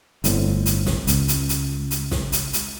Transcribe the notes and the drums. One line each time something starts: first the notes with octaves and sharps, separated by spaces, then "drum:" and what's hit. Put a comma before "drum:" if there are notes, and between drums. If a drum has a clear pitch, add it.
G1 A2 D3 C4, drum: hi-hat
drum: hi-hat
drum: snare
C#2, drum: hi-hat
drum: hi-hat
drum: hi-hat
drum: hi-hat
drum: snare
drum: hi-hat
drum: hi-hat